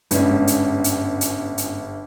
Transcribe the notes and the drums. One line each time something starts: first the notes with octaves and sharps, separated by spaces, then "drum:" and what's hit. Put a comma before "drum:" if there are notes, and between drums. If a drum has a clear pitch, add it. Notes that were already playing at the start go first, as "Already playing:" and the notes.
G1 G#2 C#4 D4, drum: hi-hat
drum: hi-hat
drum: hi-hat
drum: hi-hat
drum: hi-hat